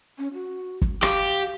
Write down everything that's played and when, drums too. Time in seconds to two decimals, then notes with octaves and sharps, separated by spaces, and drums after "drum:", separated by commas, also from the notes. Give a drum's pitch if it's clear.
0.18 C#4
0.34 F#4
0.82 drum: kick
1.03 G4 F5, drum: rim click